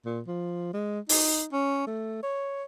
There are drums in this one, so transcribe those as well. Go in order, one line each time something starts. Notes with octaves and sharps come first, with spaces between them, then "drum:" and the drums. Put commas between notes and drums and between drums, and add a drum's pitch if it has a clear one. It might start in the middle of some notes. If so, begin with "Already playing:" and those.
A#2
F3
G#3
D#4, drum: open hi-hat
C#4
A3
C#5